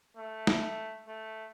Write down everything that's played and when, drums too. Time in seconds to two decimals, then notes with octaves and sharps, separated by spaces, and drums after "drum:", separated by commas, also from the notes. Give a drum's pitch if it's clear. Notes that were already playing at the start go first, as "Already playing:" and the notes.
0.17 A3
0.47 drum: snare
1.08 A3